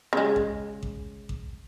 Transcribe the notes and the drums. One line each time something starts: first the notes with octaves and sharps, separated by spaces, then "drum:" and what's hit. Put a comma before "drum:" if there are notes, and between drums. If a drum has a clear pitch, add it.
C#3 G#3
drum: kick A1
drum: kick A1
drum: kick A1